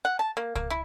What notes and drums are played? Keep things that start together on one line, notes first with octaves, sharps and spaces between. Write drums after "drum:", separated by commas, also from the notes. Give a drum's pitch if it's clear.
F#5
A5
A#3
A#3, drum: kick C2
E4